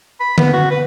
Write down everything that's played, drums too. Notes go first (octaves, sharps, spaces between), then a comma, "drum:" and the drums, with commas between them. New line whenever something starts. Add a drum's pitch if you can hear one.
B5
B3, drum: tom D3
F#4
B4